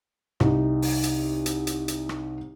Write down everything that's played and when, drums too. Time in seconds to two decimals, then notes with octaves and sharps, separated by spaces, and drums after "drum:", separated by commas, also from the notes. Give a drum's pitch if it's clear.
0.40 C2 D#4, drum: rim click
0.82 drum: open hi-hat
1.03 drum: hi-hat
1.46 drum: hi-hat
1.67 drum: hi-hat
1.88 drum: hi-hat
2.09 drum: rim click